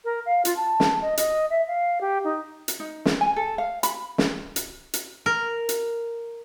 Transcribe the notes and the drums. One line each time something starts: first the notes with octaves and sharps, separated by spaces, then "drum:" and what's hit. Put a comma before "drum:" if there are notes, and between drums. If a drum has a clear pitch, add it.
A#4
F5
F4, drum: hi-hat
A5
drum: snare
D#5
D#5, drum: hi-hat
E5
F5
G4
D#4
drum: hi-hat
D#4
drum: snare
G#5
A4
F5
B5, drum: hi-hat
drum: snare
drum: hi-hat
drum: hi-hat
A#4
drum: hi-hat